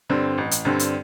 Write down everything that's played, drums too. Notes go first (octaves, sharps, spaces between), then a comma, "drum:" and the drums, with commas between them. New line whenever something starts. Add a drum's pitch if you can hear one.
G2 D3 C4
A1
drum: hi-hat
G2 D3 C4
drum: hi-hat